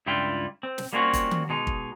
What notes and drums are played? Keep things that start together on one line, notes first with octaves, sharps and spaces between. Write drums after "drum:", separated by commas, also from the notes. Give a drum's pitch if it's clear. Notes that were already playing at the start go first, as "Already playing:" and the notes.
C#2 G2 G3 E4 F4 G5
C4
drum: snare
G3 A#3 C4 C#4 F4 F#4
drum: kick, hi-hat
drum: tom D#3
B2 G#3 D#4
drum: kick